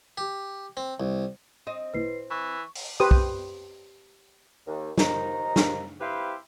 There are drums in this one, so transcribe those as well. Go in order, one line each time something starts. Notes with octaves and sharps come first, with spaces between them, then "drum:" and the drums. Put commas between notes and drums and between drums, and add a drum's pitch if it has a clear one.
G4
C4
C2
C4 D#5
G#1 A#2 E4 B4 C7
E3 C#6
drum: open hi-hat
G4 B4 C5 D#6
drum: kick
D#2
D#2 D#3 F3 D#4 A#5, drum: snare
drum: snare
C4 E4 G4 B4 C5 F5